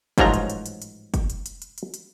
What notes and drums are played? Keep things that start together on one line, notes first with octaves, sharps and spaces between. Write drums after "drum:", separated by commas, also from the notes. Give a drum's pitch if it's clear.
A1 G#2 F3 F#3 A#5, drum: kick, hi-hat
drum: hi-hat
drum: hi-hat
drum: hi-hat
drum: hi-hat
drum: kick, hi-hat
drum: hi-hat
drum: hi-hat
drum: hi-hat
drum: hi-hat
drum: hi-hat